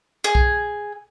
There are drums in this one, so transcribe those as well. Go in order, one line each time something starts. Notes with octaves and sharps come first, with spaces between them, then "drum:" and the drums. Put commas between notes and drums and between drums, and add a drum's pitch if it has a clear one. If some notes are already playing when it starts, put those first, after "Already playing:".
G#4
drum: kick B1